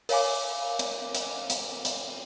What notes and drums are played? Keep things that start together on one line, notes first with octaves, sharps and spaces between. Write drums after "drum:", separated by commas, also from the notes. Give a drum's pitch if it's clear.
A#4 C#5 F5 G#5 D6, drum: open hi-hat
drum: hi-hat
drum: hi-hat
drum: hi-hat
drum: hi-hat